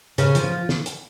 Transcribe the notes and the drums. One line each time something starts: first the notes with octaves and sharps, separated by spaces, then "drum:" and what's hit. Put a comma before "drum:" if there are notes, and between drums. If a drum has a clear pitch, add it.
C#3 C#4, drum: hi-hat
F3, drum: hi-hat
F4
drum: snare
drum: hi-hat